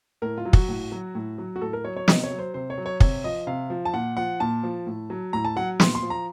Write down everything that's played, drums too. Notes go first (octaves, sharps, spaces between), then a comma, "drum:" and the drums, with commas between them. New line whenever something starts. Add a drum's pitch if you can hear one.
A2 A#4
F4
F#3
F#4, drum: kick
A2
F#3
A2
F#3
F#4
A2 A4
A#4
F#3 C#5
C#5
C3 D#5, drum: snare
C#5
F#3
C5
C3 C5
C#5
F#3
C#5
C3 C#5, drum: kick
F3 D#5
C3 F5
F3
A5
A#2 F#5
F3 F#5
A#2 A5
F3
A2
F#3
A2 A#5
A5
F#3 F#5
A#2 C6, drum: snare
C6
F3
A#5